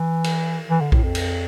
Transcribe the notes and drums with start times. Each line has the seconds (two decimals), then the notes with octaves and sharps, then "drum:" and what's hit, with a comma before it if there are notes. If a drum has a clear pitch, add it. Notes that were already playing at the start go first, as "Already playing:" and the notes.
Already playing: E3
0.24 drum: cymbal
0.70 E3
0.81 D3
0.92 A2, drum: kick A#1
1.04 F2
1.15 drum: cymbal